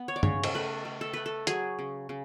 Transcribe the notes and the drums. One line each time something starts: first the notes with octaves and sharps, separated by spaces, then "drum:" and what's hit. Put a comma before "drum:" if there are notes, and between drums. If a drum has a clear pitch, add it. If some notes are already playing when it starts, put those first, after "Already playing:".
Already playing: B3
C#5
D5
C#3 C#5, drum: tom
A4, drum: cymbal
A3 B4
A3
A4
A3 B4
A4
F#3 G#4, drum: hi-hat
C#3
C#3